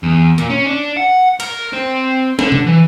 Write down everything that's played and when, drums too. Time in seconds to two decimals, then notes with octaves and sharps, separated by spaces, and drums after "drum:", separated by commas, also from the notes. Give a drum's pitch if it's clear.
0.03 E2
0.38 A#2, drum: hi-hat
0.50 C#4
0.67 D4
0.97 F#5
1.40 A#4, drum: cymbal
1.73 C4
2.39 D3, drum: snare
2.52 drum: tom
2.66 E3